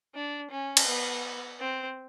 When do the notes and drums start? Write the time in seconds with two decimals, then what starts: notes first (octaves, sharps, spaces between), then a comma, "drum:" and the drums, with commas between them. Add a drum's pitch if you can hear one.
0.15 D4
0.51 C#4
0.77 drum: cymbal
0.87 B3
1.60 C4